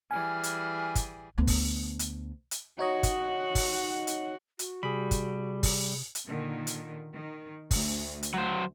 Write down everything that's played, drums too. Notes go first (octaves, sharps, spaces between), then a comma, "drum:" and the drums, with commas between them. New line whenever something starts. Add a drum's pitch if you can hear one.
E3 G3 G#4 G#5 F6
drum: hi-hat
drum: kick, hi-hat
D2 B3
drum: kick, open hi-hat
drum: hi-hat
drum: hi-hat
D#4 F#4 C#5 D#5 F#5
drum: kick, hi-hat
drum: kick, open hi-hat
drum: hi-hat
F#4, drum: hi-hat
C3 G3 G#4 B5
drum: kick, hi-hat
drum: kick, open hi-hat
drum: hi-hat
A#2 D3 D#3
drum: hi-hat
D#3
D2, drum: kick, open hi-hat
drum: hi-hat
F#3 C5